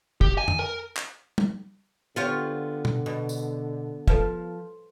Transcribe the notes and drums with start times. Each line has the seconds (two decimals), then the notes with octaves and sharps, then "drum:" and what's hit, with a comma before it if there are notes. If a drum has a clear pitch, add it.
0.21 G4, drum: kick
0.38 G#5
0.48 drum: tom F2
0.59 A#4
0.96 drum: clap
1.38 drum: tom G3
2.16 D3 B3 F4 G4 C5 C#5
2.85 drum: tom B2
3.06 B2
3.29 drum: tambourine
4.08 F3 A4 B4 F5, drum: kick